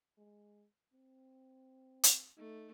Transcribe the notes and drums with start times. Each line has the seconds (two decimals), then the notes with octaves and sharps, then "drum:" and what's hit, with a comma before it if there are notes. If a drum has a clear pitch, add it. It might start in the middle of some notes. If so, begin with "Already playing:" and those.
0.18 G#3
0.93 C4
2.03 drum: hi-hat
2.37 A3 D#4